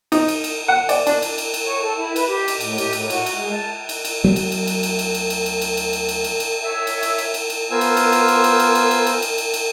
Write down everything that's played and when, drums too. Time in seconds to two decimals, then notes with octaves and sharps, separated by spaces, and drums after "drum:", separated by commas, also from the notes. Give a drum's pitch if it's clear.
0.12 D#4, drum: cymbal
0.28 drum: cymbal
0.44 drum: cymbal
0.68 F#5
0.89 D5, drum: cymbal
1.07 D4, drum: cymbal
1.22 drum: cymbal
1.38 drum: cymbal
1.54 drum: cymbal
1.66 C#5
1.82 A4
1.97 E4
2.16 B4, drum: cymbal
2.28 G4
2.48 drum: cymbal
2.60 A2, drum: cymbal
2.78 G4, drum: cymbal
2.93 A2, drum: cymbal
3.10 F#4, drum: cymbal
3.26 drum: cymbal
3.35 G#3
3.52 A5
3.89 drum: cymbal
4.05 drum: cymbal
4.24 D2 F#3 B3
4.36 drum: cymbal
4.52 drum: cymbal
4.67 drum: cymbal
4.83 drum: cymbal
4.99 drum: cymbal
5.14 drum: cymbal
5.30 drum: cymbal
5.46 drum: cymbal
5.61 drum: cymbal
5.77 drum: cymbal
5.93 drum: cymbal
6.08 drum: cymbal
6.24 drum: cymbal
6.40 drum: cymbal
6.63 C#5 E5 E6
6.87 drum: cymbal
7.03 drum: cymbal
7.18 drum: cymbal
7.34 drum: cymbal
7.50 drum: cymbal
7.71 B3 F4 A#4 C5 G#5 E6
7.81 drum: cymbal
7.97 drum: cymbal
8.12 drum: cymbal
8.28 drum: cymbal
8.44 drum: cymbal
8.59 drum: cymbal
8.75 drum: cymbal
8.91 drum: cymbal
9.06 drum: cymbal
9.22 drum: cymbal
9.38 drum: cymbal
9.54 drum: cymbal